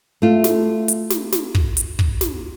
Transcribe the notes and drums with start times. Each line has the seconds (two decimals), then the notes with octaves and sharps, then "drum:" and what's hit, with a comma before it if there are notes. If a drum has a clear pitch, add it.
0.22 A3 F4
0.44 drum: snare
0.88 drum: hi-hat
1.10 drum: snare
1.32 drum: snare
1.55 drum: kick
1.77 drum: hi-hat
1.99 drum: kick
2.21 drum: snare